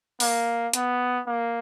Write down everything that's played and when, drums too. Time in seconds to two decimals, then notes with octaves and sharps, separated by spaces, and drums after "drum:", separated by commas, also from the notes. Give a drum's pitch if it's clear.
0.20 A#3, drum: open hi-hat
0.73 B3, drum: hi-hat
1.26 A#3